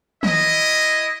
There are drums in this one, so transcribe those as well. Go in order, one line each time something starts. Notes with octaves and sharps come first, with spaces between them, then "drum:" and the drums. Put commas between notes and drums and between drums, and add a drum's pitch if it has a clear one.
E4 D#5, drum: tom